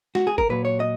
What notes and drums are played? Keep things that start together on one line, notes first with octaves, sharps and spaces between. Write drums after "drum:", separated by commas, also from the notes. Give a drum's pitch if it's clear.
F#4, drum: snare G#3
G#4
A#4, drum: kick
A#2 F#3 B4
C#5
D#5